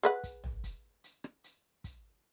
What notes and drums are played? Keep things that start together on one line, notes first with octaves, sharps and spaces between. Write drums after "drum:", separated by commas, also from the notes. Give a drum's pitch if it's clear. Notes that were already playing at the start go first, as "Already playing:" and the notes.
G#4 B4 F#5
drum: kick, hi-hat
drum: tom
drum: kick, hi-hat
drum: hi-hat
drum: rim click
drum: hi-hat
drum: kick, hi-hat